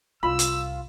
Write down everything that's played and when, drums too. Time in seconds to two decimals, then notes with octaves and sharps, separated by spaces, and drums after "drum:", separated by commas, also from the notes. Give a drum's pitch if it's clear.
0.23 C2 F4 B5 E6
0.39 drum: hi-hat